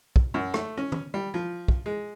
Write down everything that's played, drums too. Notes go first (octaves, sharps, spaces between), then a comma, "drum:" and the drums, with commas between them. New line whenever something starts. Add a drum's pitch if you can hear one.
drum: kick
F#2
A3, drum: rim click
C#4
drum: tom
G3
F3
drum: kick
G#3